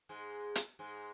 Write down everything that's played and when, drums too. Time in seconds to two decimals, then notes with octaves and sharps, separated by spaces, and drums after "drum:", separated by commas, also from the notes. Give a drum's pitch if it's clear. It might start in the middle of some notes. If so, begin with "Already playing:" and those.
0.09 G#2 G#3
0.55 drum: hi-hat
0.79 G#2 G#3